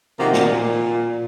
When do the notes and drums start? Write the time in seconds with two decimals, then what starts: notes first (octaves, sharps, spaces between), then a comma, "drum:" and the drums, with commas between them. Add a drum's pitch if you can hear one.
0.17 C3 D#3 F3 A#3 F#4
0.33 A#2, drum: snare